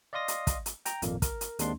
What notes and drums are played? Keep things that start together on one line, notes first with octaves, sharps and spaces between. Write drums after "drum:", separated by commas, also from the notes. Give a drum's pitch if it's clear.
D5 D#5 F5 C6 D#6 A#6
drum: hi-hat
drum: kick, hi-hat
drum: hi-hat
G5 A#5, drum: hi-hat
G#1 F2 A#2 A#3, drum: hi-hat
A#4, drum: kick, hi-hat
drum: hi-hat
D#2 G#3 A#3 C4 D4 C6, drum: hi-hat